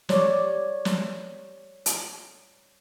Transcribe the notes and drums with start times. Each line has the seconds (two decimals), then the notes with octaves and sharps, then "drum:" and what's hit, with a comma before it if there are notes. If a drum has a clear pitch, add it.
0.09 G3 C#5 D5, drum: snare
0.85 drum: snare
1.86 drum: hi-hat